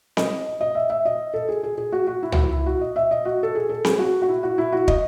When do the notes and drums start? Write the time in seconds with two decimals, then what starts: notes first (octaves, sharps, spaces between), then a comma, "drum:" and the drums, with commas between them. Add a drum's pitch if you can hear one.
0.17 D#5, drum: snare C4
0.61 D#5
0.75 E5
0.90 E5
1.05 D#5
1.34 A4
1.49 G#4
1.63 G#4
1.78 G#4
1.92 F#4
2.07 F#4
2.23 E4
2.32 F#4, drum: tom C#2
2.37 E4
2.51 E4
2.66 F#4
2.81 D#5
2.96 E5
3.11 D#5
3.25 F#4
3.43 A4
3.55 G#4
3.69 A4
3.85 G#4, drum: snare C4
3.99 F#4
4.22 F#4
4.29 E4
4.43 F#4
4.58 E4
4.72 F#4
4.88 D#5, drum: kick